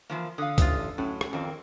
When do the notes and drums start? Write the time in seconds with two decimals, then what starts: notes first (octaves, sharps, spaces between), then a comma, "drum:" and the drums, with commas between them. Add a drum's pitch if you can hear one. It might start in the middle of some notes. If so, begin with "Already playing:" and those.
0.10 E3 F3 A#3
0.38 D3 F5 D#6
0.58 A1 F4, drum: kick, hi-hat
0.98 A2 F#3 C#4
1.21 drum: rim click
1.33 F2 D#3 A#3 C4